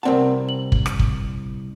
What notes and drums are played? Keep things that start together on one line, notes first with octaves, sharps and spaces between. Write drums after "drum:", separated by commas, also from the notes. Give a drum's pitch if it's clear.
C2 C4 A#4 D5 F#5 A5
F#7
drum: kick
drum: rim click
drum: kick